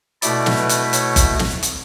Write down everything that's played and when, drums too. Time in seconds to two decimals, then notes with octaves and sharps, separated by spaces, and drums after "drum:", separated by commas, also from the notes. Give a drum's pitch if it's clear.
0.22 B2 A3 E4 D5, drum: hi-hat
0.46 drum: snare
0.58 B4
0.69 drum: hi-hat
0.93 C#5, drum: hi-hat
1.16 drum: kick F#1, hi-hat
1.39 drum: snare
1.63 drum: hi-hat